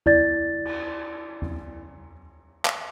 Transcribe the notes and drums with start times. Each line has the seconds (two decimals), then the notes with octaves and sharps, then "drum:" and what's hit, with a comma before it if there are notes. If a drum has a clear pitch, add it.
0.06 E4 D5 A6, drum: tom E2
0.65 drum: cymbal
1.42 drum: tom E2
2.65 drum: clap